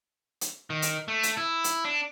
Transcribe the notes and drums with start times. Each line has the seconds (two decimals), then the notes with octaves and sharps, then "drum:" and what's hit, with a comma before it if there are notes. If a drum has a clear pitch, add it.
0.41 drum: hi-hat
0.70 D#3
0.82 drum: hi-hat
1.08 A3
1.23 drum: hi-hat
1.37 E4
1.64 drum: hi-hat
1.85 D4